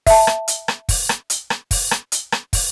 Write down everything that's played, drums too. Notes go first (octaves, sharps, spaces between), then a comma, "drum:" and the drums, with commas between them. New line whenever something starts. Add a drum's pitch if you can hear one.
E5 A5, drum: kick, open hi-hat
drum: rim click
drum: hi-hat
drum: rim click
drum: kick, open hi-hat
drum: rim click
drum: hi-hat
drum: rim click
drum: kick, open hi-hat
drum: rim click
drum: hi-hat
drum: rim click
drum: kick, open hi-hat